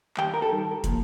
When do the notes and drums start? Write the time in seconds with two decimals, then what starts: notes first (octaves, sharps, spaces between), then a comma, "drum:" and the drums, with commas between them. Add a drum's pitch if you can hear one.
0.17 G2 D#3 G3 G5, drum: clap
0.34 A#4
0.42 A4
0.50 G2 D#3 G3
0.84 A#2 F3, drum: kick, hi-hat